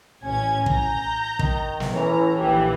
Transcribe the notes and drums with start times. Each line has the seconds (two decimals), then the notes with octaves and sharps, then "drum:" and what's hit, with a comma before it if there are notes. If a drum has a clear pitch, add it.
0.23 A1 C#4 G#5 G#6
0.66 A#5 G6, drum: kick
1.39 D#3, drum: kick
1.80 drum: snare
1.94 A2 E3 C#4 A#5
2.37 A#1 D#2 E3 G4